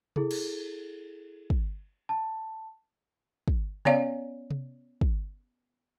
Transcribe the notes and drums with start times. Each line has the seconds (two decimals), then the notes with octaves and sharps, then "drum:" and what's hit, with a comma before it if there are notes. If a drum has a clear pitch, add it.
0.16 E4 G#4 A4, drum: tom C3
0.31 drum: cymbal
1.50 drum: kick
2.09 A5
3.48 drum: kick
3.85 B3 C#4 C#5 D5 F5, drum: tom C3
4.51 drum: tom C3
5.01 drum: kick